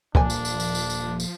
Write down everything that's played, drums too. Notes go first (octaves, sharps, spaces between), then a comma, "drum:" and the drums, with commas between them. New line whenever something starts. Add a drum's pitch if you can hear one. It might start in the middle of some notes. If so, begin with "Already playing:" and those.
D#1 A#2 F3 A#3 D4 A#4 C5 G#5, drum: kick C#2
drum: tambourine
drum: tambourine
drum: tambourine
drum: tambourine
drum: tambourine
drum: tambourine